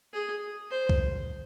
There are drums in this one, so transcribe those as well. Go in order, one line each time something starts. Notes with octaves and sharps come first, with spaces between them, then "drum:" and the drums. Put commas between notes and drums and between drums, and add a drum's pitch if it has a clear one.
G#4
C5
drum: kick C2